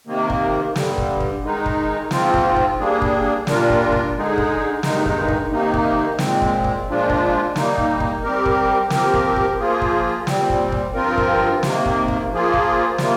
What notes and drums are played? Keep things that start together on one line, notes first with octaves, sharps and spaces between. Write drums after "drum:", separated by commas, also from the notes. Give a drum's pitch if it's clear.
C3 D#3 A#3
drum: kick
G2 D3 G3, drum: snare
drum: kick
drum: kick
D#3 G#3 D#4
drum: kick
G#2 F3 C4 F4, drum: snare
drum: kick
drum: kick
G3 A#3 D4 G#4
drum: kick
A#2 G3 D4 F4 A#4, drum: snare
drum: kick
drum: kick
D3 G#3 D#4 G#4
drum: kick
G2 D#3 G#3 D#4, drum: snare
drum: kick
drum: kick
C3 D#3 A#3 D#4
drum: kick
A#2 G#3 C4, drum: snare
drum: kick
drum: kick
A#2 F3 G#3 D4 F4
drum: kick
G3 A#3 D#4, drum: snare
drum: kick
drum: kick
G3 C4 G4 A#4
drum: kick
F3 C4 G4 A#4, drum: snare
drum: kick
drum: kick
F3 A#3 F4 G#4
drum: kick
A#2 G3 C4, drum: snare
drum: kick
drum: kick
G2 F3 C4 F4 A#4
drum: kick
C3 D#3 A#3, drum: snare
drum: kick
drum: kick
F3 A#3 F4 G#4
drum: kick
C3 G3 A#3 F4, drum: snare